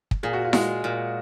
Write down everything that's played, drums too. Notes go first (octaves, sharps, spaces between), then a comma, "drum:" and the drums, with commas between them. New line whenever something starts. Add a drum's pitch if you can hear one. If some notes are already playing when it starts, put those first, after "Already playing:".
drum: kick
A#2 G#4
F#4
F4
G#3 F#4, drum: snare E4
A#2